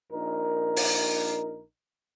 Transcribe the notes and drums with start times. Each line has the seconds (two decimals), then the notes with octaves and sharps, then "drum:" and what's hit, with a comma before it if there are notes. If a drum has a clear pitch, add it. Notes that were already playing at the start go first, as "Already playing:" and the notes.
0.12 A#1 D#4 A#4
0.76 drum: open hi-hat